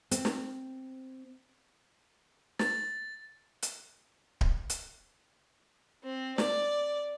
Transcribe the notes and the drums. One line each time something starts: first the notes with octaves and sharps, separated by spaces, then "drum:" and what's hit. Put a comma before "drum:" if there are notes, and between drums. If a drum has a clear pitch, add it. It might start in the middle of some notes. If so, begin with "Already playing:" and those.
C4, drum: hi-hat
drum: snare
A6, drum: snare
drum: hi-hat
drum: kick D1
drum: hi-hat
C4
D5, drum: snare